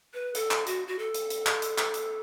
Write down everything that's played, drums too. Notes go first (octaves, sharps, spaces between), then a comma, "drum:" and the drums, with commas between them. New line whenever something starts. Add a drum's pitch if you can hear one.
B4
A4, drum: hi-hat
drum: clap
F#4, drum: hi-hat
F#4
A4
drum: hi-hat
drum: hi-hat
drum: clap
drum: hi-hat
drum: clap
drum: hi-hat